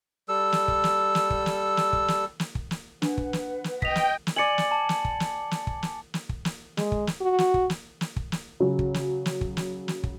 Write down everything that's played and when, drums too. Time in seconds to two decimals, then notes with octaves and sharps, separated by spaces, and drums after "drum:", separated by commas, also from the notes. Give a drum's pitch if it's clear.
0.29 G3 A4 E6
0.52 drum: snare
0.68 drum: kick
0.84 drum: snare
1.15 drum: snare
1.30 drum: kick
1.46 drum: snare
1.77 drum: snare
1.93 drum: kick
2.08 drum: snare
2.40 drum: snare
2.55 drum: kick
2.71 drum: snare
3.02 D4 B4 F#5, drum: snare
3.18 drum: kick
3.33 drum: snare
3.64 drum: snare
3.82 D#5 G5 B6 F7, drum: kick
3.95 drum: snare
4.27 drum: snare
4.36 D5 G#5 C#7 F#7
4.58 drum: snare
4.71 A5
4.89 drum: snare
5.05 drum: kick
5.20 drum: snare
5.51 drum: snare
5.67 drum: kick
5.83 drum: snare
6.14 drum: snare
6.29 drum: kick
6.45 drum: snare
6.77 G#3, drum: snare
6.92 drum: kick
7.07 drum: snare
7.21 F#4
7.38 drum: snare
7.54 drum: kick
7.70 drum: snare
8.01 drum: snare
8.16 drum: kick
8.32 drum: snare
8.60 C#3 F#3
8.79 drum: kick
8.94 drum: snare
9.26 drum: snare
9.41 drum: kick
9.57 drum: snare
9.88 drum: snare
10.04 drum: kick